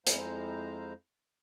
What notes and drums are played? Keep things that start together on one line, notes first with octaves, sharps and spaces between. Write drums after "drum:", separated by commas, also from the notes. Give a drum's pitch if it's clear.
F2 G#3 E4 C5 F5 A#5, drum: hi-hat